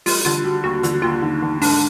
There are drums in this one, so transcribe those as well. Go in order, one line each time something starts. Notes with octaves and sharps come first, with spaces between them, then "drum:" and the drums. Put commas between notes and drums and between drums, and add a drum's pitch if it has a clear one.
G3 F4, drum: open hi-hat
D3 F4
G3 F#4
D#2 F#4
D3 F4, drum: hi-hat
F#4
D#2 F4
D3 D#4
D3
G#2 D4, drum: open hi-hat